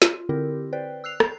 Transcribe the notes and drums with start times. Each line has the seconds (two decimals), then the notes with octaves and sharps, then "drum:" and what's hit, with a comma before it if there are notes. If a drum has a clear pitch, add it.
0.02 F4, drum: snare
0.29 D3 C4 E4 G4 A#4
0.73 B4 C5 D5 G5
1.04 E6 F#6 C7 F7
1.20 G6, drum: rim click